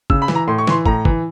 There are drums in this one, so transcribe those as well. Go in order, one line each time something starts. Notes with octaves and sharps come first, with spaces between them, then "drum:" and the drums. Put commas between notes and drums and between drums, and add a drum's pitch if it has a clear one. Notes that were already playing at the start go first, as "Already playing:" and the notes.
C#3 E6, drum: kick
B5
E3, drum: snare
A#5
A2 C6
C#6
E3 C6, drum: snare
A2 A#5, drum: kick
E3, drum: kick